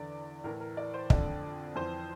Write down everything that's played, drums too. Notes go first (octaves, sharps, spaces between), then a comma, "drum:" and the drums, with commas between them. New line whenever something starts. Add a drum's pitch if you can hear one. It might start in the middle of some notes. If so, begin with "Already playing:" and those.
Already playing: E2 D3 D5
A2 E3 A#4
A#4
D5
C5
F2 D3 D5, drum: kick
F2 E3 C5